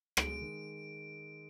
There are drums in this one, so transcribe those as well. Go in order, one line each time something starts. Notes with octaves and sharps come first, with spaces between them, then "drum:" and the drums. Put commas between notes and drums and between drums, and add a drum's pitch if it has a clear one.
G#3 D7, drum: rim click
D#3